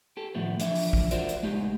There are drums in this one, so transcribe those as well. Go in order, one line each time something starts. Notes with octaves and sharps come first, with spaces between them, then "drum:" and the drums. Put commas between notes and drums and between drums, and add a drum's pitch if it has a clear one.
G4 A4
A2 D#3 F3 A3 B3
E3 F3 D4 E5, drum: hi-hat
drum: open hi-hat
drum: kick A1
F4 F#4 A#4 C5 D5 E5, drum: hi-hat
drum: hi-hat
G#3 A3 D#4 G4